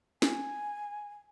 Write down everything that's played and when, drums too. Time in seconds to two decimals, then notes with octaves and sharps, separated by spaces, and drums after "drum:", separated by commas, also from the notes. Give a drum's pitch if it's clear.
0.22 G#5, drum: snare